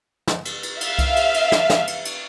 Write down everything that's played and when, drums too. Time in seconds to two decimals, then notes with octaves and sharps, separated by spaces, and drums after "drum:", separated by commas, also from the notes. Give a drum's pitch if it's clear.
0.28 drum: snare
0.45 drum: cymbal
0.63 drum: cymbal
0.81 E5 F5, drum: cymbal
0.99 drum: kick C2, cymbal
1.16 drum: cymbal
1.34 drum: cymbal
1.52 drum: snare
1.70 drum: snare
1.87 drum: cymbal
2.05 drum: cymbal